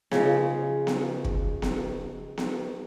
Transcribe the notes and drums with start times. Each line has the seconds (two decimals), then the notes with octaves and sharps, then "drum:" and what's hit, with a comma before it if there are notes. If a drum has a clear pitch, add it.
0.11 C#3 F3 G#4 D#5, drum: snare B3
0.87 drum: snare B3
1.24 drum: kick
1.62 drum: snare B3
2.38 drum: snare B3